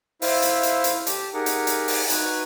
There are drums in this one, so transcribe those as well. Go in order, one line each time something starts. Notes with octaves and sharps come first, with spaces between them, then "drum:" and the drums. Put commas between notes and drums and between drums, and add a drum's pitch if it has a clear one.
E4 C5 E5 F5, drum: open hi-hat
drum: hi-hat
drum: hi-hat
drum: hi-hat
G4 A5, drum: hi-hat
D#4 G4 G#4 A#4 F#5
drum: hi-hat
drum: hi-hat
drum: open hi-hat
D#4 F#4 B4 G#5, drum: hi-hat